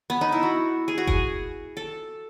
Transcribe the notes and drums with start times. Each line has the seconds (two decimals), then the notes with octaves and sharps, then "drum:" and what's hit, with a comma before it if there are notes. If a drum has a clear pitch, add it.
0.10 B3
0.21 D#4
0.32 E4
0.43 F#4
0.88 G#4
0.98 F#4
1.07 G#4, drum: kick F#1
1.77 A4